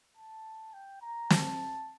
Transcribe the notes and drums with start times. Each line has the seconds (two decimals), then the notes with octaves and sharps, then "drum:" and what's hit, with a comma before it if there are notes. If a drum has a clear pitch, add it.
0.17 A5
0.73 G5
1.01 A#5
1.30 A5, drum: snare